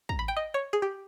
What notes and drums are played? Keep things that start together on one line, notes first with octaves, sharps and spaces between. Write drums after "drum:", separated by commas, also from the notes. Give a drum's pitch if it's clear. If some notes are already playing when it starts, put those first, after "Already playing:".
A#5, drum: kick
B5
G5
D#5
C#5
G#4
G4